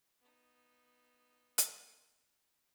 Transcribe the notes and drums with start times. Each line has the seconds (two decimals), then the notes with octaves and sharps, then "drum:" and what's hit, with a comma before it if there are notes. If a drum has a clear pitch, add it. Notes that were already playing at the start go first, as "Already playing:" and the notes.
0.20 B3 D#4
1.58 drum: hi-hat